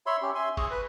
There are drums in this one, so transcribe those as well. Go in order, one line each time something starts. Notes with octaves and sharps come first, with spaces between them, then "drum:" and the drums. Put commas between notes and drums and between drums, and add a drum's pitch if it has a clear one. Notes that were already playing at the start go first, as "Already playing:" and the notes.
C#5 E5 B5 C6
C#4 G4
E5 G#5 C6
G#4 C#6, drum: kick F#1, cymbal
B4